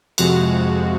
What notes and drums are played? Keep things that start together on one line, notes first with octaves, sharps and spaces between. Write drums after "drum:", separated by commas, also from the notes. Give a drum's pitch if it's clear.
F2 C3 F3 G#3 F#4, drum: cymbal